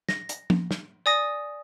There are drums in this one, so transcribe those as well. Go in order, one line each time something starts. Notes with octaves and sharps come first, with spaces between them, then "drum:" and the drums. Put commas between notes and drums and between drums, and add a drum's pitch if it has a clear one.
A#6, drum: snare
drum: hi-hat
drum: tom
drum: snare
D5 G#5 D#6 A#6